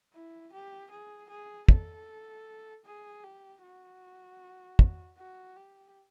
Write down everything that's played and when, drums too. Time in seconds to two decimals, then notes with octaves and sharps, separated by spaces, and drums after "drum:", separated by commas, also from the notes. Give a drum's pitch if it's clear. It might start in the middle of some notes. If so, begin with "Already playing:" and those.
0.13 E4
0.53 G4
0.91 G#4
1.30 G#4
1.69 A4, drum: kick
2.85 G#4
3.23 G4
3.63 F#4
4.79 drum: kick
5.18 F#4
5.56 G4